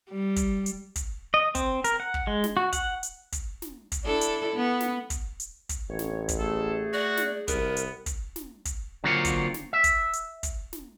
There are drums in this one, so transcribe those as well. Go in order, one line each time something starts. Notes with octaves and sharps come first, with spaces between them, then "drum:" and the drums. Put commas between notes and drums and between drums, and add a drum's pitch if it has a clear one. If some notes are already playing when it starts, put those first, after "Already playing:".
G3
drum: kick, hi-hat
drum: hi-hat
drum: kick, hi-hat
D#5
C4, drum: kick, hi-hat
A#4, drum: hi-hat
F#5
drum: kick
G#3
drum: snare
F#4
F#5, drum: kick, hi-hat
drum: hi-hat
drum: kick, hi-hat
drum: snare
drum: kick, hi-hat
D4 E4 A4
drum: hi-hat
B3
drum: snare
drum: kick, hi-hat
drum: hi-hat
drum: kick, hi-hat
A1 C#5
drum: snare
drum: kick, hi-hat
A3 G#4 A4
F#4 D5
drum: snare
C2 B3 A#4, drum: kick, hi-hat
drum: hi-hat
drum: kick, hi-hat
drum: snare
drum: kick, hi-hat
D3 F#3 A#3 C4 F4 C#5
drum: kick, hi-hat
drum: snare
E5
drum: kick, hi-hat
drum: hi-hat
drum: kick, hi-hat
drum: snare